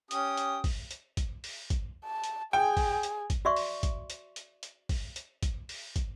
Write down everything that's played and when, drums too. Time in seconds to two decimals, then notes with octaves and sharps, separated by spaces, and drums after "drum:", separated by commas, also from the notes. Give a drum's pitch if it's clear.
0.11 C#4 G4 D#6, drum: hi-hat
0.37 drum: hi-hat
0.64 drum: kick, open hi-hat
0.91 drum: hi-hat
1.17 drum: kick, hi-hat
1.44 drum: open hi-hat
1.70 drum: kick, hi-hat
2.05 A5
2.24 drum: hi-hat
2.53 G#4 G5
2.77 drum: kick, open hi-hat
3.03 drum: hi-hat
3.30 drum: kick, hi-hat
3.45 F#4 D5 E5 C6 C#6
3.56 drum: open hi-hat
3.83 drum: kick, hi-hat
4.10 drum: hi-hat
4.36 drum: hi-hat
4.63 drum: hi-hat
4.89 drum: kick, open hi-hat
5.16 drum: hi-hat
5.43 drum: kick, hi-hat
5.69 drum: open hi-hat
5.96 drum: kick, hi-hat